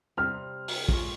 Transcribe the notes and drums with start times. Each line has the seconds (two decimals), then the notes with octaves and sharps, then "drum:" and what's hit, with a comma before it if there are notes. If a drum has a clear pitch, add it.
0.17 C3 G3 C4 F6
0.68 drum: open hi-hat
0.89 A#2 G#3 C#4 F4, drum: kick